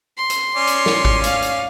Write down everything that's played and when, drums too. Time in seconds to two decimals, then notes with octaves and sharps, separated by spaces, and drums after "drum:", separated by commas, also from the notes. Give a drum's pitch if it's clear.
0.17 C6
0.30 drum: hi-hat
0.56 C#4 D5
0.67 drum: hi-hat
0.86 drum: snare
1.05 drum: kick G#1
1.24 F5, drum: hi-hat
1.42 drum: hi-hat